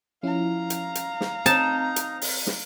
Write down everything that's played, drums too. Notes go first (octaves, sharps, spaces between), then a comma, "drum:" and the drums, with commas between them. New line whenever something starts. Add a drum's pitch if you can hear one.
F3 C#4 E4 F5 A#5
drum: hi-hat
drum: hi-hat
drum: snare
C4 D#4 A5, drum: hi-hat
drum: hi-hat
drum: open hi-hat
drum: snare